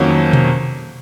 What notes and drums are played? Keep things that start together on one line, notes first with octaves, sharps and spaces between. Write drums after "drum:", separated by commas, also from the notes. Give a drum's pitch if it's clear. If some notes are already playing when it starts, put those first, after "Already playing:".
Already playing: F2 D#3 F#3 A#3 C#4
drum: tom B2